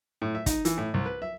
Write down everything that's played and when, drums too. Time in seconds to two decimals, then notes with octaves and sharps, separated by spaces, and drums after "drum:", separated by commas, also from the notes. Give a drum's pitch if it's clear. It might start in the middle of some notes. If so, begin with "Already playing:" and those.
0.22 A2
0.35 E5
0.46 D#4, drum: kick, hi-hat
0.65 E3, drum: hi-hat
0.78 A2
0.94 C2
1.06 B4
1.22 E5